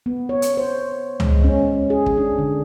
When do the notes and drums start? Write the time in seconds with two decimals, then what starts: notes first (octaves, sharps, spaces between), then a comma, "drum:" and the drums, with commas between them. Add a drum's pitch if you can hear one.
0.06 B3
0.29 C#5
0.42 drum: hi-hat
0.57 C5
1.20 G#3, drum: tom C#2
1.44 C#4
1.90 G#4
2.06 drum: kick
2.18 D4
2.39 D3